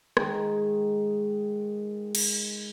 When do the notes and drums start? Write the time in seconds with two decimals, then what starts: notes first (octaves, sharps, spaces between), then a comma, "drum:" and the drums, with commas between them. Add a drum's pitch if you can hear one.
0.17 D#3 G#3, drum: rim click
2.15 drum: cymbal